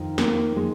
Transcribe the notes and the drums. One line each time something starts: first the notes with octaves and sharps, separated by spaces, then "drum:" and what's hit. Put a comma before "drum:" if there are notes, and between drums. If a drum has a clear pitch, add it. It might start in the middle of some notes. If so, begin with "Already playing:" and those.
Already playing: F2 D#3
A#3, drum: snare
G#3